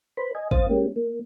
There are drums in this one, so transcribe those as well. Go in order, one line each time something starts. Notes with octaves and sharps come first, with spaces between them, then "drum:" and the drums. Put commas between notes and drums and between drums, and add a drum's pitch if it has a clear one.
B4 C5 B5
D#5 G#5
F2 C4 C5 F5 D#6 A6, drum: kick
G#3 A#3 C#4 G4
A#3